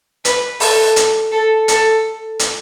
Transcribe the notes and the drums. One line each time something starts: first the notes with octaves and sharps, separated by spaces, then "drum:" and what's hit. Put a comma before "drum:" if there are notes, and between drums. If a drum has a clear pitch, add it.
B4, drum: hi-hat
A4, drum: open hi-hat
drum: hi-hat
A4
A4, drum: hi-hat
drum: hi-hat